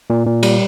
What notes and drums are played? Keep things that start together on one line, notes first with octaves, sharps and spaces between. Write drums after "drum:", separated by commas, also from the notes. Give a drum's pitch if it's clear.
A#2
A#2
G3, drum: cymbal